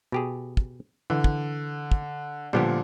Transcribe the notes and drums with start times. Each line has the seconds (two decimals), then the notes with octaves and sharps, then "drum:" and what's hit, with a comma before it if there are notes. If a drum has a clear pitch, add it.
0.12 B2 G4 G#4
0.57 drum: kick
1.10 D3 E3
1.24 drum: kick
1.92 drum: kick
2.53 A#2 D3 F3 G3 B3 G4